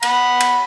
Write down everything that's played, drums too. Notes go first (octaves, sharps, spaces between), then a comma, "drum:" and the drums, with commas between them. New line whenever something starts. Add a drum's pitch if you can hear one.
F#5 B5, drum: cymbal
drum: cymbal